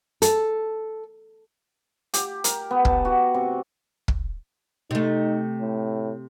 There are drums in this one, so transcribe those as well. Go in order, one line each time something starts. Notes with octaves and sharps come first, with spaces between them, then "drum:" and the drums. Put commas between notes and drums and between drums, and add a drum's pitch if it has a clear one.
A4, drum: hi-hat
G4, drum: hi-hat
A#4, drum: hi-hat
B3
A5, drum: kick
F#4
C3
drum: kick
C3 A3 D#4
A2